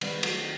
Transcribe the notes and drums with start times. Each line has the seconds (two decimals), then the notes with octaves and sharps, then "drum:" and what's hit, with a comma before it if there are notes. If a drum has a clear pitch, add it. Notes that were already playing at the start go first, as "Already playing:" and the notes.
0.01 D#3 G3 B3, drum: cymbal
0.23 F#3 A3, drum: cymbal